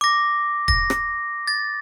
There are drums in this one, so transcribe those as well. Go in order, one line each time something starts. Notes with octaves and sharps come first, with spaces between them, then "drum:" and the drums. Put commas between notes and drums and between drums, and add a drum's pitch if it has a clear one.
D6 A#6
A#6, drum: kick
drum: rim click
A6